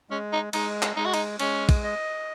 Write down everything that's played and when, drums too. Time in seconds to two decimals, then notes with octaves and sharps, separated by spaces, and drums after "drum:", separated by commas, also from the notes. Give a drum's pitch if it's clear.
0.10 G#3 C#4
0.33 D#4
0.53 G#3 D#4, drum: cymbal
0.82 drum: clap
0.96 G#3 D#4
1.06 F#4
1.14 D#4, drum: cymbal
1.39 G#3 C#4, drum: cymbal
1.69 drum: kick, cymbal
1.84 D#5